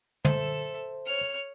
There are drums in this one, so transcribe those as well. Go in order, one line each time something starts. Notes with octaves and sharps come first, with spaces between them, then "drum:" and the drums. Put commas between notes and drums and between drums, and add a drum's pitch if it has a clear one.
A4 C5 E5, drum: tom
C#5 F6